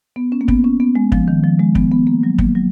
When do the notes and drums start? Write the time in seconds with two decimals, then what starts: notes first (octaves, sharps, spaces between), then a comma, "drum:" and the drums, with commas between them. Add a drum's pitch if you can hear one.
0.16 B3
0.32 C#4
0.41 A#3
0.48 B3, drum: kick
0.64 C#4
0.80 B3
0.95 G#3
1.12 F3, drum: kick
1.28 D#3
1.44 F3
1.59 G#3
1.75 B3, drum: kick
1.91 B3
2.07 A#3
2.23 F#3
2.38 A#3, drum: kick
2.55 F#3